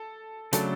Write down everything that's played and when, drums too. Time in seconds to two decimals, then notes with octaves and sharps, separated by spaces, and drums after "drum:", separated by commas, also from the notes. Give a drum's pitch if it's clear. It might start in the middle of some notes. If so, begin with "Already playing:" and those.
Already playing: A4
0.53 C#3 F#3 A3 D4 A4, drum: hi-hat